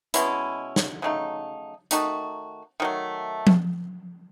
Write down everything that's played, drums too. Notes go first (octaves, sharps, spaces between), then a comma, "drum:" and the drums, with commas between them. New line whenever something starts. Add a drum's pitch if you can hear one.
B2 G#3 C#4 E4, drum: hi-hat
drum: snare
C#3 F#3 A3 D#4
D#3 A3 D#4 F#4, drum: hi-hat
D#3 F#3 A3
drum: tom F3